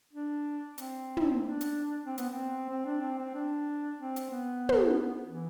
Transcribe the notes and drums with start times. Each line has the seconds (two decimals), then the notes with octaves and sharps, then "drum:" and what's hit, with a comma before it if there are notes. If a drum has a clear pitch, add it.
0.13 D4
0.78 C4, drum: hi-hat
1.17 drum: tom
1.41 D4
1.61 drum: hi-hat
2.06 C4
2.18 B3, drum: hi-hat
2.30 C4
2.69 C4
2.86 D4
3.01 C4
3.19 C4
3.34 D4
3.98 C4
4.16 drum: hi-hat
4.31 B3
4.69 drum: tom
5.26 E3